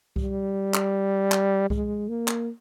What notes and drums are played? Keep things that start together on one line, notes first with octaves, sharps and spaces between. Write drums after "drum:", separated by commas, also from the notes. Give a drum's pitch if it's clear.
G3, drum: kick C2
drum: clap
drum: clap
G#3, drum: kick C2
A#3
drum: clap